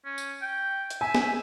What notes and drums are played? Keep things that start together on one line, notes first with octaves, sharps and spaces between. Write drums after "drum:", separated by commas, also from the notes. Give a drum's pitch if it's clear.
C#4
drum: tambourine
G5
drum: hi-hat
E5 G#5
drum: snare